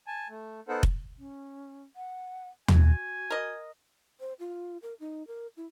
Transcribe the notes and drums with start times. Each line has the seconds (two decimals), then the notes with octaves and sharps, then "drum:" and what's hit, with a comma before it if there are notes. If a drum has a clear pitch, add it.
0.07 G#5 A5
0.29 A3
0.68 B3 D#4 A4 A#4 C5 F#5
0.83 drum: kick F1
1.18 C#4
1.96 F#5
2.68 F#4 G#5, drum: tom
3.30 A#4 D#5
4.20 C5
4.40 F4
4.82 A#4
5.00 D#4
5.27 A#4
5.57 E4